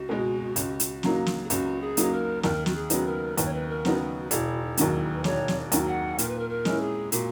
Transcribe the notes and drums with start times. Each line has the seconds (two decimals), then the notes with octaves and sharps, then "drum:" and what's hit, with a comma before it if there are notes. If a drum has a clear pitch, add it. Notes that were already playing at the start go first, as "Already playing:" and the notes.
Already playing: C#2 F#4
0.09 B2 G#3
0.56 C#2, drum: hi-hat
0.80 drum: hi-hat
1.03 C#3 F#3 A#3 D#4, drum: snare
1.26 drum: snare
1.44 G#4
1.50 C#2 F#4, drum: hi-hat
1.81 G#4
1.97 C#3 F#3 A#3 D#4, drum: hi-hat
2.13 A#4
2.43 D#2 A#4, drum: snare
2.66 F#4, drum: snare
2.75 G#4
2.90 C#3 F#3 B3 D#4, drum: hi-hat
3.06 A#4
3.37 D#2 B4, drum: hi-hat
3.46 C#5
3.53 B4
3.69 A#4
3.85 C#3 F#3 B3 D#4, drum: snare
4.00 F#4
4.31 E1 E4, drum: hi-hat
4.63 D#4
4.77 D#2 D#3 F#3, drum: hi-hat
4.93 E4
5.14 B4
5.24 E1 C#5, drum: snare
5.48 drum: snare
5.72 D#2 D#3 F#3, drum: hi-hat
5.88 F#5
6.18 A#2 A#4, drum: hi-hat
6.29 B4
6.39 A#4
6.50 A#4
6.65 G#3 C#4 E4, drum: snare
6.81 G#4
7.12 A#2 F#4, drum: hi-hat